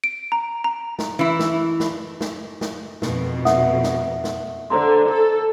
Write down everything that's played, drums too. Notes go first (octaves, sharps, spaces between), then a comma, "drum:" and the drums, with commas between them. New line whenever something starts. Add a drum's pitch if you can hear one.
D7
A#5
A#5
drum: snare
E3 E4
drum: snare
drum: snare
drum: snare
drum: snare
F2 B2, drum: snare
E5 F#5 D#6, drum: snare
drum: snare
drum: snare
D3 C5 A#5 C6
A4